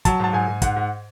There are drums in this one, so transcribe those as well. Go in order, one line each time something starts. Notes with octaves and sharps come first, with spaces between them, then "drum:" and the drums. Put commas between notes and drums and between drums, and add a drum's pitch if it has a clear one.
F#3 A5, drum: kick, hi-hat
G#2 A5
G#2 G#5
G#2
G#2 F#5, drum: kick, hi-hat
G#2